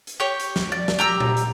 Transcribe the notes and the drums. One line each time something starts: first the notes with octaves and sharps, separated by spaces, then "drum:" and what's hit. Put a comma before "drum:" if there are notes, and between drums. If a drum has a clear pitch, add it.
drum: hi-hat
G4 C#5
drum: hi-hat
drum: snare
D5
drum: snare
G4 A#5 E6
drum: tom A#2
drum: hi-hat